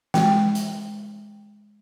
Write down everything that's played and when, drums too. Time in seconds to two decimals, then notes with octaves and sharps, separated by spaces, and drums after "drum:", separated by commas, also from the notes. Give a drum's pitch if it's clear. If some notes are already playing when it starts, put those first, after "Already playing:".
0.14 G#3 G5, drum: snare
0.55 drum: hi-hat